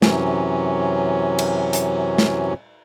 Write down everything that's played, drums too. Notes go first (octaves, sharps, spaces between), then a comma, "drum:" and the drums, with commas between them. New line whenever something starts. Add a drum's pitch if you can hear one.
F#2 C3 E3 F#3 C#4, drum: snare
drum: cymbal
drum: hi-hat
drum: snare